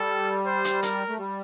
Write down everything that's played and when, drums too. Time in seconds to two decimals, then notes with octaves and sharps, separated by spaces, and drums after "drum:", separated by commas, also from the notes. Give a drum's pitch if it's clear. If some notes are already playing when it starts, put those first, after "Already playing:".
Already playing: G3 A4
0.46 C5
0.65 drum: hi-hat
0.83 A#4, drum: hi-hat
1.09 A3
1.18 G3